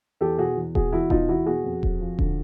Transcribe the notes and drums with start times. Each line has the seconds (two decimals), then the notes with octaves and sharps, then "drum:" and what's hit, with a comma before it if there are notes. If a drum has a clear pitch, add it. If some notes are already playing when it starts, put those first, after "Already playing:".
0.21 E2 G4 A4
0.38 B2 F#4 G#4
0.57 E2
0.75 B2 F#4 G#4, drum: kick D#1
0.92 E2 E4 F#4
1.10 B2 D#4 F4, drum: kick D#1
1.28 E2 E4 F#4
1.46 B2 F#4 G#4
1.64 F2
1.83 F2, drum: kick D#1
2.01 F3
2.19 D3, drum: kick D#1